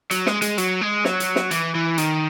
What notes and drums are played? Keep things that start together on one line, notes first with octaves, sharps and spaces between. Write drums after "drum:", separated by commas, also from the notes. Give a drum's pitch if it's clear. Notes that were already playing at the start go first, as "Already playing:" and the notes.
F#3, drum: hi-hat
G#3, drum: snare
G#3, drum: hi-hat
F#3, drum: hi-hat
G#3
F#3, drum: snare
drum: hi-hat
drum: snare
E3, drum: hi-hat
E3
D#3, drum: hi-hat